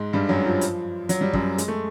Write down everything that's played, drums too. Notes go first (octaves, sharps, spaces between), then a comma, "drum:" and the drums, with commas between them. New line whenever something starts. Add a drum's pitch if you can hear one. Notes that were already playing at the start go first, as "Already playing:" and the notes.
Already playing: G#2 G#3
G2 G3
F#2 F#3
F3
drum: hi-hat
F#3, drum: hi-hat
G3
F#2 F#3, drum: kick
G#3, drum: hi-hat
A3